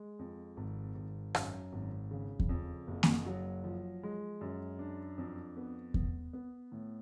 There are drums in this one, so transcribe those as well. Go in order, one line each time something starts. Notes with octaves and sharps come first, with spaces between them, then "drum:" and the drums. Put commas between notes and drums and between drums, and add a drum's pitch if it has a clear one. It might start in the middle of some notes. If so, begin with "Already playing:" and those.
Already playing: G#3
F2
G#1
G#1
F#2, drum: rim click
G#1
C#3
drum: kick E2
F2
F#1
drum: snare A#3
F#3
F3
G#3
F#2
D4
F2
B3
B3, drum: kick E2
B3
A2